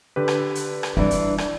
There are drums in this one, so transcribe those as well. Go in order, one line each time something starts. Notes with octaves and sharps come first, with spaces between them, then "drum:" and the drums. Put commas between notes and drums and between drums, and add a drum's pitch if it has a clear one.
D3 G4 B4
drum: rim click
drum: hi-hat
drum: rim click
E3 G3 D4
drum: hi-hat
drum: rim click